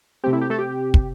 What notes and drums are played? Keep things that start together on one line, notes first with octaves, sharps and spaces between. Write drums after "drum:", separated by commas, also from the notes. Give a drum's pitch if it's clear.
C3 A3 C4 G4
E4
G4
A3 A4
G4
drum: kick